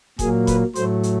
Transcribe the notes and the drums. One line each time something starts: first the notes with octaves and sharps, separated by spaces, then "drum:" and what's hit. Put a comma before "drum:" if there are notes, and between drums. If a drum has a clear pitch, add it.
A#2 F#3 A#3 G#4, drum: kick E1, hi-hat
B4, drum: kick E1, hi-hat
A2 F#3 A3 C5, drum: hi-hat
drum: hi-hat